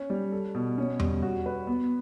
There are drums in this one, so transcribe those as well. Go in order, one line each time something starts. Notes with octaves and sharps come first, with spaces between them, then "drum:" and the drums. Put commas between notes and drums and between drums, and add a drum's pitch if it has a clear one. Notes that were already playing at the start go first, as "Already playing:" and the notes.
Already playing: C#4
G3
A4
B2
C#4
G3, drum: tom E2
F#4
B4
B3